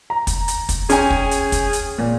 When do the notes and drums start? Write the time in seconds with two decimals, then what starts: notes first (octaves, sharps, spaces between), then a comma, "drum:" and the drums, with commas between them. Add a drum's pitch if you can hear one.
0.10 A#5
0.27 drum: kick, hi-hat
0.48 drum: hi-hat
0.69 drum: kick, hi-hat
0.90 C#4 G#4 G5 G#5, drum: hi-hat
1.10 drum: kick
1.31 drum: hi-hat
1.52 drum: kick, hi-hat
1.73 drum: hi-hat
1.98 A#2